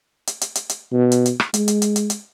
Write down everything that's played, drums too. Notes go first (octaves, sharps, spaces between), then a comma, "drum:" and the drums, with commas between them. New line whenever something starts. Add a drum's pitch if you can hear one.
drum: hi-hat
drum: hi-hat
drum: hi-hat
drum: hi-hat
B2
drum: hi-hat
drum: hi-hat
drum: rim click
G#3, drum: hi-hat
drum: hi-hat
drum: hi-hat
drum: hi-hat
drum: hi-hat